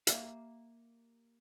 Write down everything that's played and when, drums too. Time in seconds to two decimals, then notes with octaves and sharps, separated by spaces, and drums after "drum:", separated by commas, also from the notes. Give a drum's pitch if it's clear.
0.07 A#3 G4 E5 F5, drum: hi-hat